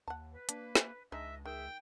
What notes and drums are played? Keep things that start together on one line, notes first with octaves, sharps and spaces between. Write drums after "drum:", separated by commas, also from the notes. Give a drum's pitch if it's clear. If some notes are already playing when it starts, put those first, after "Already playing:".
D#2 F#5 A5
B4
A#3 D4, drum: hi-hat
drum: snare
C#2 G#3 D4 D#4 D#5 E5
D#3 G#4 E5 G5